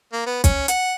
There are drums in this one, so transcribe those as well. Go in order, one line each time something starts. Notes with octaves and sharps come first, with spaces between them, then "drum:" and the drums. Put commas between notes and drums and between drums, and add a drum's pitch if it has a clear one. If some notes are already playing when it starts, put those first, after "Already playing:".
A#3
B3
C#4, drum: kick, hi-hat
F#5, drum: hi-hat